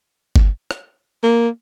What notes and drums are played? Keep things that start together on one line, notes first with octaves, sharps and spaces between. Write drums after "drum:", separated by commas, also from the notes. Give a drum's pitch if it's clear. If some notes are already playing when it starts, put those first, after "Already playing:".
drum: kick G1
drum: rim click
A#3